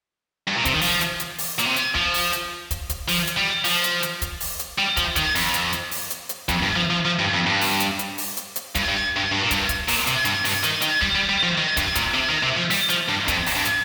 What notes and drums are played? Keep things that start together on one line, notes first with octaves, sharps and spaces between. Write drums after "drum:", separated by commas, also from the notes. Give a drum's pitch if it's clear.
G2
A#2
C3, drum: kick, hi-hat
D#3
F3, drum: open hi-hat
drum: hi-hat
drum: hi-hat
drum: open hi-hat
A#2, drum: hi-hat
C3
drum: hi-hat
F3, drum: kick
drum: open hi-hat
drum: hi-hat
drum: kick, hi-hat
drum: kick, hi-hat
F3, drum: open hi-hat
drum: hi-hat
G3
F3, drum: open hi-hat
drum: hi-hat
drum: hi-hat
drum: kick, hi-hat
drum: open hi-hat
drum: hi-hat
G3
F3, drum: kick, hi-hat
D#3, drum: kick, hi-hat
F2, drum: open hi-hat
drum: hi-hat
drum: hi-hat
drum: open hi-hat
drum: hi-hat
drum: hi-hat
F2, drum: kick, hi-hat
G2
F3
F3
F3
G2
F2
G2
drum: open hi-hat
drum: hi-hat
drum: hi-hat
drum: open hi-hat
drum: hi-hat
drum: hi-hat
G2, drum: kick, hi-hat
G2
G2
G2
A#2
G2, drum: kick, hi-hat
drum: kick, hi-hat
A#2, drum: open hi-hat
C3, drum: hi-hat
G2, drum: hi-hat
G2, drum: open hi-hat
D#3, drum: hi-hat
D#3, drum: hi-hat
G3, drum: kick
G3
G3
F3
D#3
G2, drum: kick, hi-hat
A#2, drum: kick, hi-hat
C3
D#3
C3
F3
G3, drum: open hi-hat
F3, drum: hi-hat
G2
F2, drum: kick, hi-hat
drum: open hi-hat
G2
drum: hi-hat